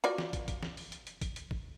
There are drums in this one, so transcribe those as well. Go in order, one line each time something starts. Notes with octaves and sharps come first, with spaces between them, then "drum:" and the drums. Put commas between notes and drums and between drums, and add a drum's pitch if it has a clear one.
F4 F#4 D5, drum: hi-hat
drum: snare
drum: kick, hi-hat
drum: kick, hi-hat
drum: snare
drum: open hi-hat
drum: hi-hat
drum: hi-hat
drum: kick, hi-hat
drum: hi-hat
drum: kick